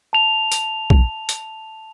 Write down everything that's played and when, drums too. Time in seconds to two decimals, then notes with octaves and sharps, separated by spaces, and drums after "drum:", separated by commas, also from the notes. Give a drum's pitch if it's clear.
0.13 A5 F7
0.52 drum: hi-hat
0.90 drum: kick
1.29 drum: hi-hat